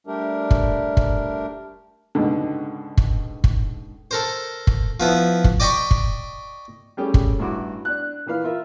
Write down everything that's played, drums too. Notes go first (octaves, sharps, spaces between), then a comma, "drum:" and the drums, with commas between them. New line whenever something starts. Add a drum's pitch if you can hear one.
G3 A3 D4 G4 A#4
drum: kick
drum: kick
C#2 G#2 B2 D3
drum: kick
drum: kick
A4 A#4 C5
drum: kick
F3 B3 E4
drum: kick
D5 D#5 G5 B5 C#6
drum: kick
G3 A3 C#4 G4 G#4
drum: kick
A1 G2 E4 F#4 D6
D4 F#6
A#2 E3 B4 F5 F6
F4 A#4 E5